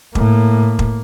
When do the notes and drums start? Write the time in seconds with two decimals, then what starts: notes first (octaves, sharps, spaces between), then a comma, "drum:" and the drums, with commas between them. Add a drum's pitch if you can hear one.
0.15 A2 A#3, drum: kick
0.79 drum: kick